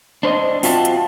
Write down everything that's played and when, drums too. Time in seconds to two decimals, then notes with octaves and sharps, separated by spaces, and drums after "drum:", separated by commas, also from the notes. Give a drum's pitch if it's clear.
0.23 D4 C5 C#5 D#5
0.63 C4 F4 F#4 E5 A5, drum: open hi-hat
0.85 drum: hi-hat